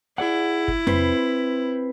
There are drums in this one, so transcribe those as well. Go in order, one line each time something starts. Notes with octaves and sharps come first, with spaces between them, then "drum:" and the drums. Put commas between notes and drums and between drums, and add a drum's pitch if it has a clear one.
E4 G#4 D5 F#5
drum: kick
C4 B4 C5, drum: tom F2